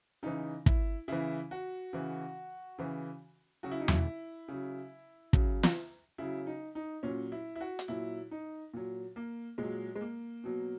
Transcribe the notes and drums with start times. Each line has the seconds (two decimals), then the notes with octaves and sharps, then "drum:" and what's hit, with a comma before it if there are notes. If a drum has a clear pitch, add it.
0.23 C#3 E3 D#4
0.66 E4, drum: kick
1.08 C#3 E3 E4
1.51 F#4
1.93 C#3 E3
2.78 C#3 E3
3.63 C#3 F#3 F#4
3.71 E4
3.80 D#4
3.88 E4, drum: tom E2
4.48 C#3 F#3
5.33 C#3 F#3, drum: kick
5.63 drum: snare
6.18 C#3 F#3 E4
6.47 D#4
6.75 D#4
7.03 A#2 F#3 C#4
7.32 E4
7.56 E4
7.61 F#4
7.79 drum: hi-hat
7.88 A#2 F#3 E4
8.31 D#4
8.74 A#2 F#3
9.16 A#3
9.58 A#2 F#3 G#3
9.95 G#3
10.01 A#3
10.44 B2 F#3